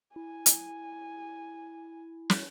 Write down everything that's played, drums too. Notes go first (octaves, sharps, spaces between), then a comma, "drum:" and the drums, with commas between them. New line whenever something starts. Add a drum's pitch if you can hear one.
E4 G#5
drum: hi-hat
drum: snare